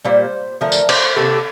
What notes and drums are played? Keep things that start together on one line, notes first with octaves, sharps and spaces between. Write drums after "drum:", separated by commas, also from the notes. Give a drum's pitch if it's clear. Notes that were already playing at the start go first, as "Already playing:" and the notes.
A#2 G3 A#3 C5
D3 F3 A3 A#4
drum: tambourine
C5, drum: cymbal
C3 D#3 A#3 A4